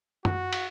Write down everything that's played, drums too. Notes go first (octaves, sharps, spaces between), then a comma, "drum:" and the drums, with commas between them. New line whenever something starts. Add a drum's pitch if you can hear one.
F#4, drum: tom F#2
drum: cymbal